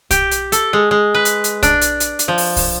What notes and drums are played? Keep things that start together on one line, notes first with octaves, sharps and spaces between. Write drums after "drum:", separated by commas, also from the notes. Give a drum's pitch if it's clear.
G4, drum: kick, hi-hat
drum: hi-hat
A4, drum: hi-hat
G#3
G#3
B4
drum: hi-hat
drum: hi-hat
D4, drum: kick, hi-hat
drum: hi-hat
drum: hi-hat
drum: hi-hat
F3
drum: open hi-hat
drum: kick, open hi-hat